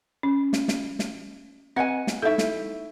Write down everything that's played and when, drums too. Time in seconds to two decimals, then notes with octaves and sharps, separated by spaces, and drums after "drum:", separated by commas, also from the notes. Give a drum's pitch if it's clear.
0.23 C#4
0.53 drum: snare
0.68 drum: snare
0.99 drum: snare
1.76 C4 B4 D#5 F#5 G#5
2.07 drum: snare
2.22 D#4 E4 A4 E5
2.38 drum: snare